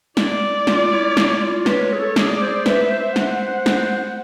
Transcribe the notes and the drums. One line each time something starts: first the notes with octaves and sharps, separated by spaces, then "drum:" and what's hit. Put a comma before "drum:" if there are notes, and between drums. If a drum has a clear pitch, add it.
E4 D5, drum: snare
F4, drum: snare
E4
E4, drum: snare
F4
B4 C#5, drum: snare
B4
G#4
A4
G#4 D5, drum: snare
C5
B4 E5, drum: snare
C5
F#5, drum: snare
drum: snare